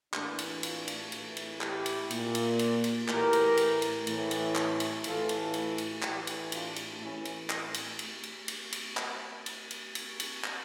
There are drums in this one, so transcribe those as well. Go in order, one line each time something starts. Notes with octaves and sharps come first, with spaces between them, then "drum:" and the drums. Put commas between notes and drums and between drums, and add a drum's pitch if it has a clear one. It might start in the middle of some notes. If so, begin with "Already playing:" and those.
A2 E3 A#3 D4, drum: clap
drum: cymbal
D4 F4, drum: cymbal
drum: cymbal
A2 E3, drum: cymbal
drum: cymbal
E4 G4, drum: clap
drum: cymbal
A#2, drum: cymbal
drum: cymbal
drum: cymbal
drum: cymbal
A2 E3 G4 A#4, drum: clap
drum: cymbal
drum: cymbal
drum: cymbal
A2 E3, drum: cymbal
drum: cymbal
drum: clap
drum: cymbal
A2 E3 F4 A4, drum: cymbal
drum: cymbal
drum: cymbal
drum: cymbal
A2 E3 E4 G4, drum: clap
drum: cymbal
D4 F4, drum: cymbal
drum: cymbal
A2 E3 C#4 E4
drum: cymbal
drum: clap
drum: cymbal
drum: cymbal
drum: cymbal
drum: cymbal
drum: cymbal
drum: clap
drum: cymbal
drum: cymbal
drum: cymbal
drum: cymbal
drum: clap